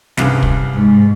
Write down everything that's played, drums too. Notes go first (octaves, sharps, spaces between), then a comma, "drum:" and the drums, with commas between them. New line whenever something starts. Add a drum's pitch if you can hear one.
C2 G2 C#3, drum: snare
drum: kick
G#2